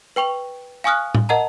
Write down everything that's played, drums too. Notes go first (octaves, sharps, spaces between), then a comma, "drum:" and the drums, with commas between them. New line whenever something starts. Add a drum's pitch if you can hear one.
B4 G5 C#6 F7
F5 G#5 C#6 D#6 F6 F#6
drum: tom A2
A#4 D#5 F#5 A5 A#5